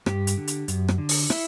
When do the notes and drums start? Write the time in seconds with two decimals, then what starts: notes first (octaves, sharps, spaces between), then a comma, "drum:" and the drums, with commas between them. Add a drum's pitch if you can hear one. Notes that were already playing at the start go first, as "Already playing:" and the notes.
0.06 G2 G4, drum: rim click
0.27 drum: hi-hat
0.37 D3
0.48 drum: hi-hat
0.68 F#2, drum: hi-hat
0.88 drum: rim click
0.98 D3
1.09 drum: open hi-hat
1.30 E4, drum: rim click